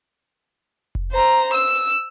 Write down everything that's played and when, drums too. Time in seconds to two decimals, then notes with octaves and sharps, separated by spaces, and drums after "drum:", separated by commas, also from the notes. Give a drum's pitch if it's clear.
0.95 drum: kick F1
1.12 C5 A#5
1.54 E6
1.75 drum: hi-hat
1.89 drum: hi-hat